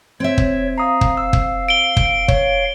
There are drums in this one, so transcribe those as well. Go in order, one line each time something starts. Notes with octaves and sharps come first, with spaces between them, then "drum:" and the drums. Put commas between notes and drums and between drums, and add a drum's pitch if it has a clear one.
C4 C#5 E5
drum: kick
F5 A#5 D#6
drum: kick
E6
drum: kick
D7 G7
drum: kick
C#5, drum: kick